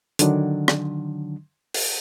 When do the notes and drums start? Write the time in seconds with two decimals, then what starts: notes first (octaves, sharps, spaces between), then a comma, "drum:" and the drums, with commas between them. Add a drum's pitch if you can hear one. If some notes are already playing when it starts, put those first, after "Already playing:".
0.19 D3 D#3 F#3 D4, drum: hi-hat
0.68 drum: rim click
1.74 drum: open hi-hat